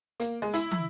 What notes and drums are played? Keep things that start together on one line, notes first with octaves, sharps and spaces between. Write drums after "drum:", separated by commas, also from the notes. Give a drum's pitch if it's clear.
A#3, drum: hi-hat
G#3
E4, drum: hi-hat
drum: tom